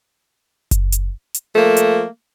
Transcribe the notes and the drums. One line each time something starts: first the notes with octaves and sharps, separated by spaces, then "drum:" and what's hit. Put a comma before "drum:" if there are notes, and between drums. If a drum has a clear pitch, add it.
drum: kick F#1, hi-hat
drum: hi-hat
drum: hi-hat
F3 A3 A#3
drum: hi-hat